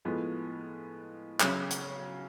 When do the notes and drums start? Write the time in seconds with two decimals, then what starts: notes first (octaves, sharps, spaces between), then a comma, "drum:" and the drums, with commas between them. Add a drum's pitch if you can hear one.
0.05 A2 F3 G#3 B3
1.40 C#3 F#3 C#4, drum: clap
1.70 drum: hi-hat